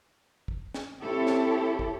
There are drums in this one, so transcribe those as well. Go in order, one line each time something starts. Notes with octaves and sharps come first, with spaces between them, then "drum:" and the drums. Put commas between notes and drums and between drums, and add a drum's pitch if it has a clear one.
drum: kick
drum: snare
C4 E4 G4 A4 C#5
drum: snare
drum: kick